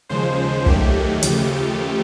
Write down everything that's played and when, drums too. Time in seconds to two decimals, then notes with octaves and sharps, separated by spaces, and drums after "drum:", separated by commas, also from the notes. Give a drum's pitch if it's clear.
0.09 D#2 C#3 F3 G#3 C5
0.66 D#2 D#3 F#3 A3 G4, drum: kick
1.23 D#2 C#3 F3 A3, drum: hi-hat